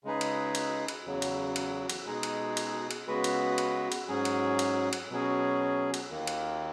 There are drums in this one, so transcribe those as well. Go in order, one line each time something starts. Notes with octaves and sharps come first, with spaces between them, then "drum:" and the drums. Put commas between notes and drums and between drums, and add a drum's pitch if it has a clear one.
C#3 G#3 D#4 G#4 B4
drum: cymbal
drum: cymbal
drum: cymbal
E2 C#3 F#3
drum: cymbal
drum: cymbal
drum: cymbal
B2 G#3 D#4 G#4
drum: cymbal
drum: cymbal
drum: cymbal
C#3 G#3 B3 F#4 B4
drum: cymbal
drum: cymbal
drum: cymbal
G#2 F#3 C#4 G#4
drum: cymbal
drum: cymbal
drum: cymbal
B2 F#3 C#4 G#4
drum: cymbal
D#2 D#3 A#3
drum: cymbal